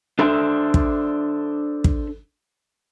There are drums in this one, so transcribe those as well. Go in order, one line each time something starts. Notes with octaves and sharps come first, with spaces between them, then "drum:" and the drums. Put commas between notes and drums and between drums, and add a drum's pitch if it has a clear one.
D4 A4 C5 E5
drum: kick
drum: kick